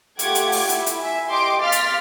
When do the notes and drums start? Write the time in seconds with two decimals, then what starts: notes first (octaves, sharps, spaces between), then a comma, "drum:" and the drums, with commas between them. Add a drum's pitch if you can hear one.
0.19 A3 F4 G4 F#5 D6 G#6, drum: hi-hat
0.35 drum: hi-hat
0.52 drum: open hi-hat
0.69 E4, drum: hi-hat
0.86 drum: hi-hat
1.00 E5 G#5
1.29 G4 D#5 C6 D6 D7
1.61 F5 C6 F6 A6 B6
1.72 drum: hi-hat